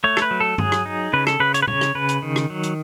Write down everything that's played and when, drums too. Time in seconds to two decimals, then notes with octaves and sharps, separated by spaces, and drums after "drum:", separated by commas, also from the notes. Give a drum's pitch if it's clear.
0.04 A3 C#5
0.17 A4, drum: rim click
0.22 B4
0.31 F#3
0.40 A4
0.58 F#3 G#4, drum: tom G2
0.72 drum: rim click
0.86 D#4
1.13 C#3 B4
1.27 A4, drum: rim click
1.40 C#3 B4
1.54 C#5, drum: hi-hat
1.62 B4
1.67 C#3 C#5, drum: tom A#2
1.81 drum: rim click
1.95 C#3 B4
2.09 drum: hi-hat
2.22 D#3
2.36 drum: rim click
2.50 F#3
2.63 drum: hi-hat